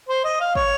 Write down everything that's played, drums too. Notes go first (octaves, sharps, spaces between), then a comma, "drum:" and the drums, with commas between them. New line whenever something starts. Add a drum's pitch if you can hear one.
C5
D#5
F5
C#5, drum: kick